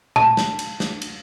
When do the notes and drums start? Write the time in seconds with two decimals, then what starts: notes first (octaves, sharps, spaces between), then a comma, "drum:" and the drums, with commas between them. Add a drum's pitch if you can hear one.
0.16 A5, drum: tom A#2
0.37 drum: snare
0.59 drum: cymbal
0.80 drum: snare
1.02 drum: cymbal